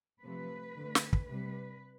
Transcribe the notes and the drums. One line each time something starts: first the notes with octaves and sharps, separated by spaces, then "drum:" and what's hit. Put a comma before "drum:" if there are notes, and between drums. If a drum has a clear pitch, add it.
C3 F3 A3 B4
D3
A3
drum: snare
drum: kick
C3 G3 B4